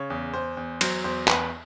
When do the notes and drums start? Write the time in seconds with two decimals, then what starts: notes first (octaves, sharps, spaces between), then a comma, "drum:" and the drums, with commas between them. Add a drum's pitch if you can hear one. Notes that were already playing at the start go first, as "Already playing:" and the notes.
Already playing: C#3 C#5
0.10 E2
0.34 E2 C5
0.57 E2
0.81 F#3 C5, drum: cymbal
1.04 E2 C5
1.28 E2 B4, drum: clap